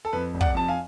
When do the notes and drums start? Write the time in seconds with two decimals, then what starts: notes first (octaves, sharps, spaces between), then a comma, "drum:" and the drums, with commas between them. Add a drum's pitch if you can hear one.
0.05 A4
0.13 F2 B4
0.34 F1
0.41 D5 F#5, drum: kick
0.55 F2 A5
0.68 F5 G#5